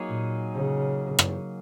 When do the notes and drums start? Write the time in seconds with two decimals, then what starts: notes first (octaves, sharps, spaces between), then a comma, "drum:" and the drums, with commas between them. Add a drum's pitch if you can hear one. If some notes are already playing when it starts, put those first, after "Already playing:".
Already playing: F#3 A#3 D#4 G#4 C#5
0.09 A#2
0.55 C#3
1.19 drum: rim click